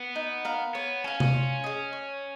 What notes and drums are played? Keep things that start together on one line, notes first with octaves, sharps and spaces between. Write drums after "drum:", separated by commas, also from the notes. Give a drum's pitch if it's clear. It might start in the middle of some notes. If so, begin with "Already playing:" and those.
Already playing: B3
D#4
A#4 F5
B3 C#5
C#4 F5 G#5
drum: tom C3
F4
G#4 D#5
C#5